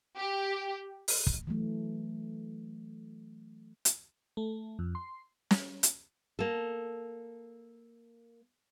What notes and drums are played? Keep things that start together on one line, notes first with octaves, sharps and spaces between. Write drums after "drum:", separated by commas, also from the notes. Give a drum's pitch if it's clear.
G4
drum: open hi-hat
drum: kick
E3 F#3 A3
drum: hi-hat
A3
F2
C6
drum: snare
drum: hi-hat
A#3 A4